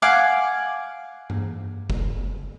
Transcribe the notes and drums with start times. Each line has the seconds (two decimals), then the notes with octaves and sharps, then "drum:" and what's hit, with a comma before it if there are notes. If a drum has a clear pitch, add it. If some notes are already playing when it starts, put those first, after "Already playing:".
0.02 F5 F#5 G#5 D6
1.30 drum: tom G2
1.90 drum: kick F1